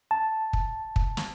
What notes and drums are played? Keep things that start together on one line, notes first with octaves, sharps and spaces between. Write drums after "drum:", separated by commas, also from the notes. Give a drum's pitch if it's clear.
A5
drum: kick
drum: kick
drum: snare